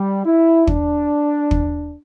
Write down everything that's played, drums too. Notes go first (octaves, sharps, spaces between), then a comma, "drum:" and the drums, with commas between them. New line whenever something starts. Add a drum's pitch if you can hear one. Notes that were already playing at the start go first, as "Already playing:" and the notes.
Already playing: G3
E4
D4, drum: kick
drum: kick